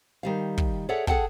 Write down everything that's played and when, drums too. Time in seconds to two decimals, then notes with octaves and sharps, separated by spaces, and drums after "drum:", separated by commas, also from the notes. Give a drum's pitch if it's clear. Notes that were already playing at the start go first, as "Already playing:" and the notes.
0.23 D#3 G3 F5
0.58 drum: kick
0.89 G#4 A4 C#5 D5 E5 F#5
1.07 G#4 A4 F#5 G5 A5, drum: kick